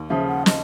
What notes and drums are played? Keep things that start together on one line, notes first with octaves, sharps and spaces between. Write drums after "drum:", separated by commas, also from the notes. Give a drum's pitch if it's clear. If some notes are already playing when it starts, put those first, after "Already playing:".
Already playing: D#2
C#3 F3 E5
F#5
D#5, drum: snare